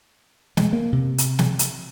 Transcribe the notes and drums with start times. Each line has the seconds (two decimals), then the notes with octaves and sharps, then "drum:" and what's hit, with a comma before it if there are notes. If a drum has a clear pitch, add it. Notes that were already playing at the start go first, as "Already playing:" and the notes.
0.57 G#3, drum: snare
0.73 A#3
0.92 C3
1.18 drum: hi-hat
1.39 drum: snare
1.59 drum: hi-hat